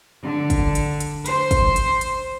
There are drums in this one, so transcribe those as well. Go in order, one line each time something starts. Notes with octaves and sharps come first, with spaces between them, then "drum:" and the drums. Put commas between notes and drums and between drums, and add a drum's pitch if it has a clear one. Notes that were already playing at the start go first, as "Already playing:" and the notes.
D3
drum: kick, hi-hat
drum: hi-hat
drum: hi-hat
C5, drum: hi-hat
drum: kick, hi-hat
drum: hi-hat
drum: hi-hat